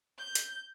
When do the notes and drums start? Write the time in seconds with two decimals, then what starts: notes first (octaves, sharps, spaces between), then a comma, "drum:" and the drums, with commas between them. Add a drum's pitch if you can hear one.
0.18 G6
0.35 drum: hi-hat